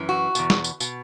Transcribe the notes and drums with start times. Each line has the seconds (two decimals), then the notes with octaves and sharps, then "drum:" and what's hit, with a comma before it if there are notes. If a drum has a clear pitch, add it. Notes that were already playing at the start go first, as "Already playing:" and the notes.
Already playing: F#2 E3
0.09 F#4
0.35 E2 B2, drum: tambourine
0.50 drum: snare
0.64 drum: tambourine
0.80 B2, drum: tambourine